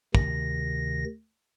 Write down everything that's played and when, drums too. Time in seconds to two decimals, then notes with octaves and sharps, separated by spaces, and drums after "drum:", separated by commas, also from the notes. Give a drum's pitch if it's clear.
0.15 D2 C3 D#3 A#6, drum: kick